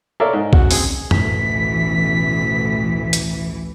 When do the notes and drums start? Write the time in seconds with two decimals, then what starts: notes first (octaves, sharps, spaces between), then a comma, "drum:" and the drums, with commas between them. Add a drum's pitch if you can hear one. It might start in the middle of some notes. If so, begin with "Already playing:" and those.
0.20 A4 A#4 C#5 D5 E5 F5
0.33 G#2
0.53 F#2 F#4, drum: kick
0.71 C4 G#4, drum: open hi-hat
1.11 A1 D2 B2 E3 B6, drum: tom F#2
3.13 drum: hi-hat